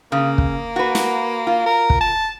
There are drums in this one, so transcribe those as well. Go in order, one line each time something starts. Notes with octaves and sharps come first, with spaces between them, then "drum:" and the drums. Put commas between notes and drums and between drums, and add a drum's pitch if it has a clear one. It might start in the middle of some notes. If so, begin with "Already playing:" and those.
C#3 A#3
drum: kick
F#4 B4
drum: snare
F4
A#4
drum: kick
A5